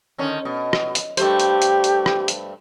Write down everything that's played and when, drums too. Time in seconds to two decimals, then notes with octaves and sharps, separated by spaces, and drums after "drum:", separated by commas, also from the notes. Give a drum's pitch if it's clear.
0.18 D3 D#3 C#4
0.45 B2
0.73 drum: rim click
0.95 drum: hi-hat
1.17 G2 A3 G4 C5, drum: hi-hat
1.40 drum: hi-hat
1.62 drum: hi-hat
1.84 drum: hi-hat
2.06 drum: rim click
2.28 drum: hi-hat